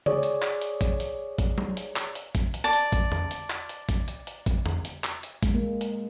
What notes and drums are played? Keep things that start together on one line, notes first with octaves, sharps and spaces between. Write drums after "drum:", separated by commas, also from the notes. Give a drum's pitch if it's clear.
G#4 C#5 D5, drum: tom C#3
drum: hi-hat
drum: clap
drum: hi-hat
drum: kick, hi-hat
drum: hi-hat
drum: kick, hi-hat
drum: tom F#3
drum: hi-hat
drum: clap
drum: hi-hat
drum: kick, hi-hat
drum: hi-hat
D5 A5
drum: hi-hat
drum: kick, hi-hat
drum: tom E2
drum: hi-hat
drum: clap
drum: hi-hat
drum: kick, hi-hat
drum: hi-hat
drum: hi-hat
drum: kick, hi-hat
drum: tom E2
drum: hi-hat
drum: clap
drum: hi-hat
G#3, drum: kick, hi-hat
A#3
drum: hi-hat